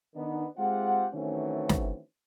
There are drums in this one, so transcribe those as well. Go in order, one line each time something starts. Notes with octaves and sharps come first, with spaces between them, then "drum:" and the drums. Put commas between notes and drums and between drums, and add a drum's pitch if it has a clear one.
D#3 B3 D4 D#4
G#3 C4 F4 G4 F#5
D#3 E3 F#3 A3 C4 C#4
drum: snare